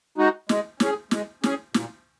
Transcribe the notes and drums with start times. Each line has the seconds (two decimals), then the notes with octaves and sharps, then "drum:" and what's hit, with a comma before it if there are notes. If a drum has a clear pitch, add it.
0.18 G#3 D#4 F#4
0.49 G#3, drum: snare
0.80 C#4 G#4, drum: snare
1.11 G#3, drum: snare
1.43 C#4 G#4, drum: snare
1.74 A#2, drum: snare